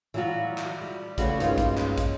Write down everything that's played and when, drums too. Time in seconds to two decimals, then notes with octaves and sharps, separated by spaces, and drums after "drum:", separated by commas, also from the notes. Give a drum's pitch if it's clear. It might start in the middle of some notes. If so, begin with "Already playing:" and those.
0.14 E3 F#3 G3 F4 F#4
0.58 drum: clap
0.81 G3
1.18 C#3 E3 G3 A3 C4 F#4, drum: kick, hi-hat
1.40 G2 G#3 A#3 C#4 D#4 F4, drum: hi-hat
1.58 drum: kick, hi-hat
1.78 drum: clap
1.98 drum: kick, hi-hat